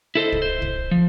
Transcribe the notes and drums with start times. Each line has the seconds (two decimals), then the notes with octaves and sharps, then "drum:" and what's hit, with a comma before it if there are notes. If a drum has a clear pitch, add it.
0.15 E4 A4 C5 D#5
0.32 drum: kick
0.42 C5
0.62 drum: kick
0.91 F3